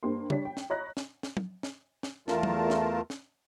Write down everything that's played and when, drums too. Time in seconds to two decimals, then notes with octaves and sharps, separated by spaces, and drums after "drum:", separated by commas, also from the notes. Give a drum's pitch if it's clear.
0.03 G2 A#3 G4 C5 C6
0.30 G3 D4 C#5 B6, drum: tom
0.45 G5
0.57 drum: snare
0.70 C#5 D#5 A#5 B5 F#6 A#6
0.97 drum: snare
1.23 drum: snare
1.37 drum: tom
1.63 drum: snare
2.03 drum: snare
2.28 E2 A3 F4 A#4 A5, drum: snare
2.43 drum: tom
2.70 drum: snare
3.10 drum: snare